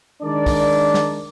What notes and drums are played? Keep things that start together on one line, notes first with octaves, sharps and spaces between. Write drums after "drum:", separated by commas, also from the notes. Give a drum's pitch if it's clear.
D#3 G#3 D4 A#4 D5
drum: kick, open hi-hat
drum: snare